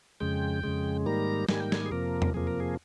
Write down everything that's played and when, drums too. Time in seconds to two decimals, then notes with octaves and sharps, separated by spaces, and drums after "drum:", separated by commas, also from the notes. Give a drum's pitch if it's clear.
0.20 F2 C#3 G#3 G5
0.63 F2 C#3 G#3
1.06 G#2 D#3 G3 A#3 A#5
1.49 G#2 D#3 G3 A#3 G#5, drum: snare
1.60 G5
1.72 G#5, drum: snare
1.86 G#4
1.91 F2 C3 F3 A#3 A#4
2.22 drum: tom E2
2.34 F2 C3 F3 A#3 G#4
2.47 A#4
2.60 G#4